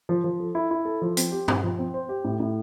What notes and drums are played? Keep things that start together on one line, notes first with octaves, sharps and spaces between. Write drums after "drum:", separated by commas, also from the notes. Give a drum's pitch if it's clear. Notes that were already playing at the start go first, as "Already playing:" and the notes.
F3
F3
A4
E4
E4
A4
F3
C4, drum: hi-hat
G4
C4, drum: tom G2
F3
C4
C5
G4
A2
A2